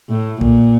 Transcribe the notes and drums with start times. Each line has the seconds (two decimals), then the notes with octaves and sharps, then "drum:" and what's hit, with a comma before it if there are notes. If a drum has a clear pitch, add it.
0.09 A2
0.41 A#2, drum: kick